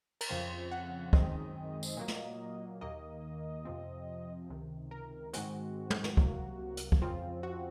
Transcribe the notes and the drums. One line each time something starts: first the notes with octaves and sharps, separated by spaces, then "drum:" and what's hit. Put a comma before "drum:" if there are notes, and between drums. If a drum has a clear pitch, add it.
A#4, drum: cymbal
F2 C#3 F3 C4 C5
F#5
F#2 D#3 G#3 C4 D#5, drum: kick
drum: tambourine
A#2 F#3 A#3
drum: snare
D#2 D#3 A#3 D#5
F2 C3 F3 C4
C#2 C3 D#3
A#4
G#2 D#3 G#3 C4 F#4, drum: hi-hat
drum: tom
drum: snare
C2 C3 F#3 A#3, drum: kick
drum: hi-hat
drum: kick
F2 C#3 F3 C4 F4
F#4